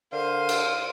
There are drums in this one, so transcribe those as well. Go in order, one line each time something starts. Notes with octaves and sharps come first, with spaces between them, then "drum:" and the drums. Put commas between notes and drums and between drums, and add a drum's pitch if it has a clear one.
D3 A#4 C5 F5 D#7
drum: cymbal